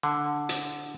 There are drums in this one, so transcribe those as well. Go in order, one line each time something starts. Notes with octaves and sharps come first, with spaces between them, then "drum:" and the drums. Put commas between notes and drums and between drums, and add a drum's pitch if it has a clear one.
D3
drum: hi-hat